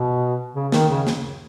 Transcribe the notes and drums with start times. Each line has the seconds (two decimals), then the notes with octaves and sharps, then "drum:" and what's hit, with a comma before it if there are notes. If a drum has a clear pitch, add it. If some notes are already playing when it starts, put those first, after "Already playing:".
Already playing: B2
0.55 C#3
0.72 D#3, drum: snare
0.89 C#3
1.07 drum: snare